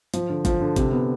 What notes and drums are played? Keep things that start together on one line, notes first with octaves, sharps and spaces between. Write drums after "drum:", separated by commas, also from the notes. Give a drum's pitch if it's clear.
F3, drum: hi-hat
D3
F3, drum: kick G1, hi-hat
D3
C3, drum: kick G1, hi-hat
B3